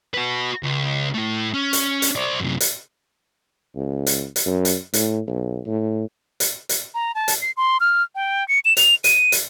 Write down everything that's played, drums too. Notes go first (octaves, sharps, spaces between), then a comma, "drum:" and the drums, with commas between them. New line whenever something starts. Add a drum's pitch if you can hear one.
F#4 B4
C#2
A2 A3
C#4
drum: hi-hat
drum: hi-hat
C5 D5
F#2 C3
drum: hi-hat
C#2
drum: hi-hat
drum: hi-hat
F#2
drum: hi-hat
A2, drum: hi-hat
B1
A2
drum: hi-hat
drum: hi-hat
A#5
A5
drum: hi-hat
C7
C6
F6
G5
C#7
E7
F7, drum: hi-hat
D#7, drum: hi-hat
drum: hi-hat